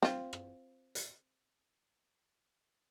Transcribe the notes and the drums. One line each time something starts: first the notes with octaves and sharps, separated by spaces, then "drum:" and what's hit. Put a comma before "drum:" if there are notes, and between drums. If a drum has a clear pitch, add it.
C4 F4, drum: snare
drum: rim click
drum: hi-hat